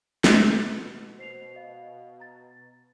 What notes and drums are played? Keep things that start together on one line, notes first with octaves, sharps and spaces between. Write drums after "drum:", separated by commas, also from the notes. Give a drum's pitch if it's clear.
B2, drum: snare
C5 C7 F7
D#5 F5
A#5 A6